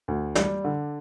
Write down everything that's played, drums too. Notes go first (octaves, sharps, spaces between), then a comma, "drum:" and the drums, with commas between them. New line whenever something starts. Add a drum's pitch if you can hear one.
D2
G3 D5, drum: snare
D3